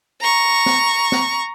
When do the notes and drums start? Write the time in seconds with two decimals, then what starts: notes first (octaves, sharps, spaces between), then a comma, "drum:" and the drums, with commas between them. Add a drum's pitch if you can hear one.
0.20 A#5 C#6
0.66 drum: snare
1.12 drum: snare